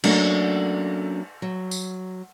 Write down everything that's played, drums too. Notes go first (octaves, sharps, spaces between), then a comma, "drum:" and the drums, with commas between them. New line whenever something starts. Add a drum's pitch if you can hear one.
F#3 A3 A#3 C#4 D4, drum: cymbal
F#3
drum: tambourine